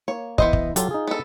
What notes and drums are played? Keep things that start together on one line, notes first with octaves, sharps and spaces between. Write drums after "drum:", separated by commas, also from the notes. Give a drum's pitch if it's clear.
A#3 C#5
E3 B3 E4 C5 D#5, drum: kick
drum: kick
F#3 F4 G4 A4, drum: hi-hat
D#4 G#4
B3 A4